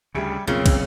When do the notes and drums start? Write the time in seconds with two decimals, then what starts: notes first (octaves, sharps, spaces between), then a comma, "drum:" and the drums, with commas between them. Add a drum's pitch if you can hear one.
0.15 D2 C#3 G3 G4 G#4 E5
0.47 B1 F2 C#3 G#3 A#3 C4 F4
0.66 drum: kick, cymbal